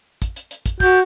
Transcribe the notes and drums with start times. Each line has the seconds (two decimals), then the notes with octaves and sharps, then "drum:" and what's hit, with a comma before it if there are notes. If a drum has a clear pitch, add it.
0.22 drum: kick, hi-hat
0.36 drum: hi-hat
0.51 drum: hi-hat
0.66 drum: kick, hi-hat
0.80 F#4 G6, drum: kick, open hi-hat